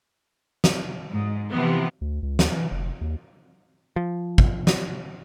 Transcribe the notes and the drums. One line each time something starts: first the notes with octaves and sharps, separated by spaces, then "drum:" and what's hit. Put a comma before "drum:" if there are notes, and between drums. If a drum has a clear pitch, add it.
drum: snare
G#2
C3 E3 F3 B3
D2
C#2
D#2, drum: snare
E3
F1
D#2
F3
drum: kick
drum: snare